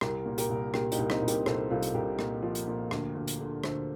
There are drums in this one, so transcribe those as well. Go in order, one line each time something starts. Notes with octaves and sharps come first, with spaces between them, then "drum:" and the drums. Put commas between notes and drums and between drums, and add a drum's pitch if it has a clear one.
C2 G4 A#4, drum: rim click
A#2
G4 A#4, drum: hi-hat
C2
A#2 G4 A#4, drum: rim click
D#4 G4, drum: hi-hat
C2
C4 D#4, drum: rim click
C2
G4 A#4, drum: hi-hat
C2 A4 C5, drum: rim click
C2 F4 A4
drum: hi-hat
C2 G4 A#4
A#2, drum: rim click
F3
drum: hi-hat
A#2
D2, drum: rim click
D2
drum: hi-hat
D3
D2 A4 C5, drum: rim click